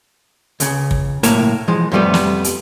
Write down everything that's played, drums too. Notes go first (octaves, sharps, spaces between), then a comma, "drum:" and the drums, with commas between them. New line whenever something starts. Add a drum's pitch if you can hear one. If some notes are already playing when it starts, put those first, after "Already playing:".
C#2 C#3, drum: hi-hat
drum: kick
B1 A2 A#3 C#5 A5 A#5, drum: hi-hat
E3 F3 G#3
F2 C3 F3 G3 A3 B3
drum: snare
drum: hi-hat